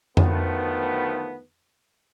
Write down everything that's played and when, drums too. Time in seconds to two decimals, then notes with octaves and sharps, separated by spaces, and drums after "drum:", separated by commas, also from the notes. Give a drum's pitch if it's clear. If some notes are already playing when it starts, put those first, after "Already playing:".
0.17 D2 D#3 F3 F#3 A3 B3, drum: tom F2